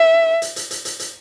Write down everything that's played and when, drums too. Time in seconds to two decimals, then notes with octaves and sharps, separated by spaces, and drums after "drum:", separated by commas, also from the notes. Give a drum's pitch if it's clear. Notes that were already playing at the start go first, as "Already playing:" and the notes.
Already playing: E5
0.42 drum: hi-hat
0.56 drum: hi-hat
0.71 drum: hi-hat
0.85 drum: hi-hat
0.99 drum: hi-hat